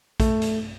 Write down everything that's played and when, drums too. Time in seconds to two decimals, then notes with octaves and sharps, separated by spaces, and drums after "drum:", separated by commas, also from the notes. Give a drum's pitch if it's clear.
0.20 A3, drum: kick A#1, hi-hat
0.42 drum: hi-hat